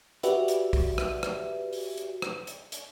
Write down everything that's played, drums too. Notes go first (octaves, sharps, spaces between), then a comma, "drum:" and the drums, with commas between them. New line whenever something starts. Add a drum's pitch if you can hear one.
F#4 G4 B4 D5 E5, drum: hi-hat
drum: hi-hat
drum: kick, open hi-hat
drum: rim click
drum: rim click
drum: open hi-hat
drum: hi-hat
drum: rim click
drum: hi-hat
drum: hi-hat